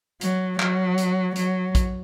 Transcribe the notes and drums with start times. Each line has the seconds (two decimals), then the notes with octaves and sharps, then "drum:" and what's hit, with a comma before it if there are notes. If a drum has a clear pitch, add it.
0.21 F#3, drum: hi-hat
0.60 F#3, drum: clap
0.98 drum: hi-hat
1.36 F#3, drum: hi-hat
1.75 drum: kick A#1, hi-hat